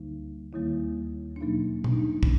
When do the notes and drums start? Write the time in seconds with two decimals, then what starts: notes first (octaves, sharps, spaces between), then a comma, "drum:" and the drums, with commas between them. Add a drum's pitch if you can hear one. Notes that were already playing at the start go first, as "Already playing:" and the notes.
Already playing: D2 D3 G3 A#3 D#4
0.53 D#2 D#3 G3 A#3 E4
1.36 D4
1.40 E2 B2 F#3 A#3 D#4
1.84 D4, drum: tom B2
1.92 D#4
1.99 D4
2.23 C#4, drum: kick